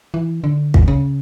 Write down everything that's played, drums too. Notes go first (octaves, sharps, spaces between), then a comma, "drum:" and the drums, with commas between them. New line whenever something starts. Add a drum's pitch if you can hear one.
E3
D3
drum: kick
C#3